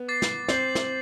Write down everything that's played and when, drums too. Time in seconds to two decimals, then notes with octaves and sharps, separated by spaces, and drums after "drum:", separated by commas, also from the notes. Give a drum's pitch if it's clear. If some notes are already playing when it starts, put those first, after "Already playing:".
Already playing: B3
0.08 D6 A6 C7
0.22 drum: snare
0.49 C4 G6 C7 F#7, drum: snare
0.75 drum: snare